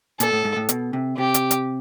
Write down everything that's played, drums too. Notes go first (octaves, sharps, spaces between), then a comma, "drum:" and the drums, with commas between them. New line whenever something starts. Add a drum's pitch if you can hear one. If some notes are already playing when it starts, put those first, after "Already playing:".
A#2 A4, drum: hi-hat
A2
G#2
A2
B2, drum: hi-hat
C3
C3 G4
drum: hi-hat
drum: hi-hat